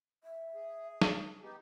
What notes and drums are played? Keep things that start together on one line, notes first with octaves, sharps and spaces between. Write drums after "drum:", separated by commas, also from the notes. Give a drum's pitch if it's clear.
E5
G#4
drum: snare
B3 D#4 G4